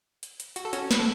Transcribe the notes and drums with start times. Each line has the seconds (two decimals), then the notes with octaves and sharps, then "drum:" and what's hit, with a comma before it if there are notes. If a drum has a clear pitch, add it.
0.23 drum: hi-hat
0.40 drum: hi-hat
0.56 F#4, drum: hi-hat
0.65 A4
0.73 C#4 F#4, drum: hi-hat
0.91 B4, drum: snare
0.99 A4